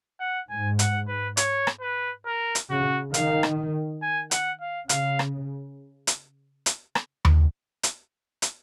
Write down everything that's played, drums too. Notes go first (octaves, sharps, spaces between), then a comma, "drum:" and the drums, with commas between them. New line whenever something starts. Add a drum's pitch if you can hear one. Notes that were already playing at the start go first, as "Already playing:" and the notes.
F#5
G#2 G#5
F#5, drum: hi-hat
B4
C#5, drum: hi-hat
drum: rim click
B4
A#4
drum: hi-hat
C#3 F#4
D#3 F5, drum: hi-hat
drum: rim click
G#5
F#5, drum: hi-hat
F5
C#3 F5, drum: hi-hat
drum: rim click
drum: hi-hat
drum: hi-hat
drum: rim click
drum: tom D#2
drum: hi-hat
drum: hi-hat